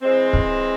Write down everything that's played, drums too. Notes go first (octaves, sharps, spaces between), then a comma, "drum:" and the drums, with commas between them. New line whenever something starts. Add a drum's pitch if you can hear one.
E3 G#3 C4
drum: kick